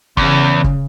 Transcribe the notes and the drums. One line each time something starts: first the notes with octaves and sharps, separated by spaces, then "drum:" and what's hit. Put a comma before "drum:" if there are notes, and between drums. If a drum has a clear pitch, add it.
E2 C#3, drum: kick
drum: kick